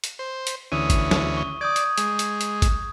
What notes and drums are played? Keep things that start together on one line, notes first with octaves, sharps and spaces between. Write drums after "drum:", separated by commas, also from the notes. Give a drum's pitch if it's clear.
drum: hi-hat
C5
drum: hi-hat
D2 E3 C#4 D#6 D#7
drum: kick G#1, hi-hat
drum: snare
C#6
D5 D#6 G6 G#6
drum: hi-hat
G#3, drum: hi-hat
drum: hi-hat
drum: hi-hat
drum: kick G#1, hi-hat